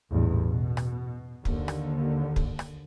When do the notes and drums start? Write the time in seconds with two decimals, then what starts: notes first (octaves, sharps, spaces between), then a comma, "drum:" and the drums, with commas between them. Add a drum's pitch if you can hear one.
0.10 A1 E2 G2 A#2
0.46 B2
0.77 drum: rim click
1.45 D#2 D3, drum: kick
1.68 drum: rim click
2.36 drum: kick
2.59 drum: rim click